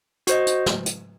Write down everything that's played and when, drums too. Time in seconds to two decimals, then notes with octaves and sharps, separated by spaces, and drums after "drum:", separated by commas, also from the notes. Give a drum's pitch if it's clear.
0.27 F#4 C5 D#5, drum: hi-hat
0.47 drum: hi-hat
0.66 drum: snare
0.86 drum: hi-hat